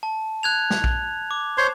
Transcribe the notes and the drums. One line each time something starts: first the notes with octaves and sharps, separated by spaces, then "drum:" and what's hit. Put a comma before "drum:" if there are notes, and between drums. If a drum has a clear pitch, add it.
A5
F#6 G#6 F7
drum: snare
drum: kick A#1
D6
C5 C#5 C6